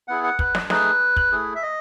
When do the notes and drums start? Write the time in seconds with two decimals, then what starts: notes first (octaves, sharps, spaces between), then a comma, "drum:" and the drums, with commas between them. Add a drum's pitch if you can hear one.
0.08 B3 E4 G#4 F#5
0.24 F#5
0.39 B4, drum: kick
0.55 drum: snare
0.70 A3 D#4 G#4 B4, drum: snare
1.16 drum: kick
1.32 A3 E4 G#4
1.55 E5
1.63 D#5